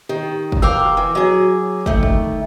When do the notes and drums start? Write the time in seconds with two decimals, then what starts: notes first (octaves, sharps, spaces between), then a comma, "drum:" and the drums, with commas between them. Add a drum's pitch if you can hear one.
0.09 D#3 G4
0.52 drum: kick
0.62 A#4 F5 G5 D6 E6
0.86 drum: rim click
0.97 E3
1.15 F#3 G#4
1.86 D#3 A3, drum: kick
2.03 drum: kick